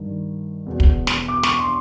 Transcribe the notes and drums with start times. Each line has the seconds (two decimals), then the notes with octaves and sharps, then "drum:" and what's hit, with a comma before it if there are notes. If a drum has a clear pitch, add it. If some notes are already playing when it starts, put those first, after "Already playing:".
Already playing: G2 D#3
0.66 E2 B2
0.80 drum: kick
1.07 drum: snare
1.28 D6
1.43 C#6, drum: snare
1.59 C6